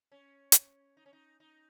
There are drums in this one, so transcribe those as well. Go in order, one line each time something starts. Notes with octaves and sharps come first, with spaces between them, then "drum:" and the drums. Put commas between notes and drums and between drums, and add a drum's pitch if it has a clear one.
C#4
drum: hi-hat
D#4
C#4
D#4
D#4